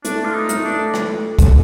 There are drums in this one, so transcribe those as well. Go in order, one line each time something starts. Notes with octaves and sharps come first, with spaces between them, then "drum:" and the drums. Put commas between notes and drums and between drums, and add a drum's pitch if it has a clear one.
A3 D4, drum: hi-hat
F4
D#4
A3, drum: hi-hat
D4
drum: rim click
drum: kick, hi-hat